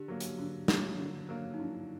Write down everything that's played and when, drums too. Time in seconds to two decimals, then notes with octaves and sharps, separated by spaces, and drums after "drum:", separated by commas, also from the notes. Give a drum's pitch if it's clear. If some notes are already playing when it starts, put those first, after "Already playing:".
Already playing: D3 G4
0.08 F#3 A#3
0.21 drum: hi-hat
0.39 D3
0.68 F#3 A#3, drum: snare
0.99 D3
1.29 F#3 A#3
1.54 D#4
1.59 D3 E4